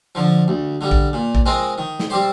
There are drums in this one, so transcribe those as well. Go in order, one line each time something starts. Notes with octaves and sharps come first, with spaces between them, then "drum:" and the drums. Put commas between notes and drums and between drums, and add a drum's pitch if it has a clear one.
D3 F3
D2
D3 G3
drum: kick A#1
A#2
drum: kick A#1
G#3 C4 F4 A#4
D#3
drum: snare
G3 C4 G4 C5